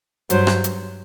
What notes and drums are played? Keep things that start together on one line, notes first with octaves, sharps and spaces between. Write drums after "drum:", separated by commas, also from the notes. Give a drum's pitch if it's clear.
G2 F#3 C5, drum: hi-hat
drum: rim click
drum: hi-hat